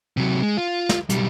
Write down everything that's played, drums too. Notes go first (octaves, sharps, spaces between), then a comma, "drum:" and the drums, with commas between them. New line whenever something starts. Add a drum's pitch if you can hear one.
C3 F#3
G#3
F4
drum: snare
B1 G3, drum: hi-hat